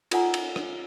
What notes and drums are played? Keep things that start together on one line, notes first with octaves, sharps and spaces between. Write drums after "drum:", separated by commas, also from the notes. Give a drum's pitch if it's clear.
F4 A4 D5 F#5 G#5 A#5, drum: cymbal
drum: cymbal
drum: rim click